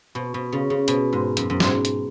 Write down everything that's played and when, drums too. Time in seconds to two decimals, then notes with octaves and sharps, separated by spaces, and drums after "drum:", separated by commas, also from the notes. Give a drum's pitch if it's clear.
0.15 B2
0.34 B2
0.52 C#3
0.70 C#3
0.88 B2, drum: hi-hat
1.13 G#2
1.37 F#2, drum: hi-hat
1.50 F#2
1.60 G#2, drum: snare
1.85 drum: hi-hat